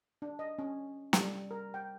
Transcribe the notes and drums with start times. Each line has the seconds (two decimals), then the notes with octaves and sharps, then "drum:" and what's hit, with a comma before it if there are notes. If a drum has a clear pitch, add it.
0.22 D4
0.39 D#5
0.59 C#4
1.13 G3, drum: snare
1.51 A#4
1.74 G5